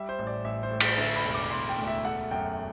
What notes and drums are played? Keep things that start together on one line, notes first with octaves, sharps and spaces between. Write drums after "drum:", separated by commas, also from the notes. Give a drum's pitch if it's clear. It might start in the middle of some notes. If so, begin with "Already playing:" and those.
Already playing: G3 E5
C5
A1
D5
A1 E5
C5
A2
C5, drum: cymbal
D3 E5
B5
E1
D6
E1 C6
G5
D2
E5
A3 F#5
F#2 G5